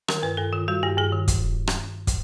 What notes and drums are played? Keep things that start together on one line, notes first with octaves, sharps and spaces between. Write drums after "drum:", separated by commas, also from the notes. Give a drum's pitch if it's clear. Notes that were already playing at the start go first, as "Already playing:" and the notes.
D#3 A#4, drum: rim click
G2 B4
G2 A4
D#3 F4
G3 F#4
G2 G4
G2 G#4
D#3
drum: kick, hi-hat
drum: rim click
drum: kick, hi-hat